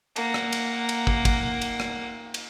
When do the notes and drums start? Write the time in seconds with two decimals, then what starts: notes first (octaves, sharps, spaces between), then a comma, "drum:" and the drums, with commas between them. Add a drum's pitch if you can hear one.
0.16 A#3 F#5, drum: cymbal
0.34 drum: rim click
0.52 drum: cymbal
0.89 drum: cymbal
1.07 drum: kick
1.25 drum: kick, cymbal
1.62 drum: cymbal
1.80 drum: rim click
2.34 drum: cymbal